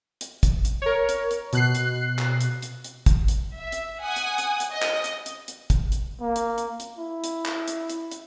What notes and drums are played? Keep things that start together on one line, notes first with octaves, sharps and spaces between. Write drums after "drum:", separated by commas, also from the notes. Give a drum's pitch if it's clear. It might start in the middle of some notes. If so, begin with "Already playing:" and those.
drum: hi-hat
drum: kick, hi-hat
drum: hi-hat
A#4 C#5
drum: hi-hat
drum: hi-hat
B2 F#6 C7, drum: hi-hat
drum: hi-hat
drum: clap
drum: hi-hat
drum: hi-hat
drum: hi-hat
drum: kick, hi-hat
drum: hi-hat
E5
drum: hi-hat
F#5 G#5 D#6
drum: hi-hat
drum: hi-hat
drum: hi-hat
D#5
drum: clap
drum: hi-hat
drum: hi-hat
drum: hi-hat
drum: kick, hi-hat
drum: hi-hat
A#3
drum: hi-hat
drum: hi-hat
drum: hi-hat
E4
drum: hi-hat
drum: clap
drum: hi-hat
drum: hi-hat
drum: hi-hat